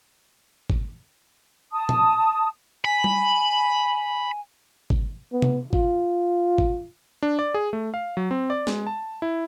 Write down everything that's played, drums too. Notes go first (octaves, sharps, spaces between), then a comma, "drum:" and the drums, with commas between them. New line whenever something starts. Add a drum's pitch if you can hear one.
drum: kick G#1
A5 D#6
drum: tom
G#5 B5
drum: tom G3
drum: kick G#1
B3
drum: tom
F4, drum: kick G#1
drum: kick G#1
D4
D5
G#4
A3
F5
F#3
C4
D5
G#3, drum: snare
A5
E4